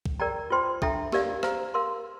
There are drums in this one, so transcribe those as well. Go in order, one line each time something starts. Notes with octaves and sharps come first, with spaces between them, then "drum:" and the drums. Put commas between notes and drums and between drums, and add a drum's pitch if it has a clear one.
drum: kick
A#4 D5 G5 A#5
F4 C5 G5 C6
D4 A4 E5 G5 A#5, drum: kick
G4 A#4 D5 F5, drum: snare
C5 F5 A#5, drum: rim click
A#4 F5 C6